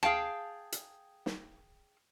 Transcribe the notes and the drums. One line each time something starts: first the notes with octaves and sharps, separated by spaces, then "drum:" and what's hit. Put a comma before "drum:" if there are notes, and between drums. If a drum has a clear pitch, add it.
G#4 F5 G5 A5, drum: rim click
drum: hi-hat
drum: snare